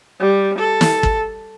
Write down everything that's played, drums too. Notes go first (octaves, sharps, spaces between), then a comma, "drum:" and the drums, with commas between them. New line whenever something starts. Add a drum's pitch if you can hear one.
G3
A4
drum: snare
drum: kick